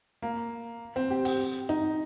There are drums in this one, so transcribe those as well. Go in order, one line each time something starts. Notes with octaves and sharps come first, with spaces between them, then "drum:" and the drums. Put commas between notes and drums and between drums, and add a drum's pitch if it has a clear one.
A#3
C4
G4
G4, drum: open hi-hat
D#4